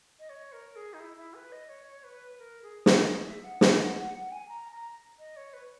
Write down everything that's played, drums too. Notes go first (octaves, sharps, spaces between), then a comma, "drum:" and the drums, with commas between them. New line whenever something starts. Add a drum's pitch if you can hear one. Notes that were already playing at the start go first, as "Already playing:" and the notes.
D#5
C#5
A#4
G#4
D#4
E4
E4
B4
D#5
C#5
B4
A#4
G#4
F#4, drum: snare
A#4
G#4
E5
F#5
G#5, drum: snare
F#5
F#5
F#5
G#5
A#5
A#5
D#5
C#5
B4